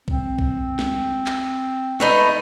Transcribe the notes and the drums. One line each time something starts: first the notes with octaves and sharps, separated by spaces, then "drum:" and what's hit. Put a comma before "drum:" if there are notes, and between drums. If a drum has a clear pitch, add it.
C4, drum: kick B1
drum: kick B1
drum: snare
drum: clap
A3 B3 D#4, drum: snare